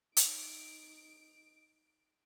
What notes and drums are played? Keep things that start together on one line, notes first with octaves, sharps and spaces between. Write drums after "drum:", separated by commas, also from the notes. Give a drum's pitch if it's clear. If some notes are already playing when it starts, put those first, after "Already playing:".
D#4 D7, drum: hi-hat